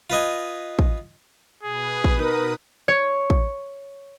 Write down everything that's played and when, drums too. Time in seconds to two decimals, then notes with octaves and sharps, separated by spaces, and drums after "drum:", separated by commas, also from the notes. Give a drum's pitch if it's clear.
0.10 F4 B4 D#5 G#5
0.79 drum: kick
1.63 B2 G#4 B4 D#6
2.04 drum: kick
2.19 D#4 A#4
2.88 C#5
3.30 drum: kick